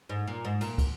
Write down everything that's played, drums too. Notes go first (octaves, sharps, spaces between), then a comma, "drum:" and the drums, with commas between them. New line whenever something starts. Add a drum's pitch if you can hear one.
G#2
A#2
G#2
A#2, drum: cymbal
drum: kick, cymbal